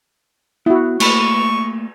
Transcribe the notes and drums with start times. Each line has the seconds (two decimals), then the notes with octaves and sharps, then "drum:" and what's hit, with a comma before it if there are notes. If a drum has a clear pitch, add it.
0.66 B3 E4 F#4
1.00 A3 A#3 B5 C#6, drum: cymbal